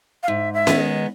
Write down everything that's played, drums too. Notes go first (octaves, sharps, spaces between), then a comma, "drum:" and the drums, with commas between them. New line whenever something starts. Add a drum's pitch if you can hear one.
F5
G#2 E5
E5
D#3 G#3 B3, drum: snare C#4
D#5